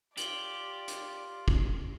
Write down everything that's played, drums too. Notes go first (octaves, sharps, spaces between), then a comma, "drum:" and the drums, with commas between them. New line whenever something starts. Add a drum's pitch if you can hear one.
F4 G4 D5 F#7 G7, drum: hi-hat
drum: hi-hat
drum: kick